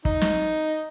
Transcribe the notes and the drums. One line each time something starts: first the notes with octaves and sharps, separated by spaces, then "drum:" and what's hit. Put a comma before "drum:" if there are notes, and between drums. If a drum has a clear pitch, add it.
D#4, drum: kick
drum: snare